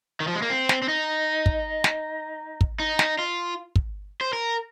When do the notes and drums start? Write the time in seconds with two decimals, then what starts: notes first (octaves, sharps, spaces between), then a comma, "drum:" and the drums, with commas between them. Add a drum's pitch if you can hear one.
0.20 D#3
0.28 F3
0.35 G#3
0.42 A#3
0.50 C4
0.69 drum: snare
0.82 C4
0.89 D#4
1.46 drum: kick
1.84 drum: snare
2.61 drum: kick
2.80 D#4
2.99 drum: snare
3.19 F4
3.76 drum: kick
4.21 C5
4.33 A#4